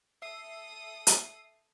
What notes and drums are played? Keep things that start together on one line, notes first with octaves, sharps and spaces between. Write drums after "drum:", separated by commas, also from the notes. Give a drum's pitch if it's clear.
A4 E5 D#6 E6 C7
drum: hi-hat